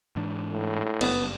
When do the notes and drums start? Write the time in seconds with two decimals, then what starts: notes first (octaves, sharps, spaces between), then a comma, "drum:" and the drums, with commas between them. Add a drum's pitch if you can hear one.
0.16 G#2 E3 D4
0.52 A2
1.01 F#1 G2 B3, drum: cymbal